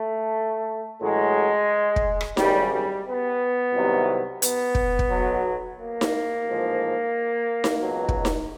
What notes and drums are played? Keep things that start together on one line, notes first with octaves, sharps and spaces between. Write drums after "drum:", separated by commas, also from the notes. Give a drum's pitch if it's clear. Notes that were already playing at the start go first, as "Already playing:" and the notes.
Already playing: A3
A1 A2 F#3 G#3
drum: kick
drum: rim click
G#1 F#2 C#3 G3, drum: snare D#4
G3
B3
C2 C3 D#3 F#3
B3, drum: hi-hat
drum: kick
drum: kick
B1 B2 F#3
A#3
drum: snare D#4
A1 G#2 F3
drum: snare D#4
C#2 B2 F#3
drum: kick
drum: snare D#4